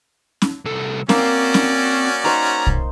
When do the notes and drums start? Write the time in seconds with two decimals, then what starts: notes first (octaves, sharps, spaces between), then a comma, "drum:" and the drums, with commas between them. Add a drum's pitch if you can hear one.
0.42 drum: snare
0.65 C2 A4
1.09 A#3 C4 C#4 F#4 D5, drum: snare
1.54 drum: snare
2.25 D#4 C5 A#5
2.67 drum: kick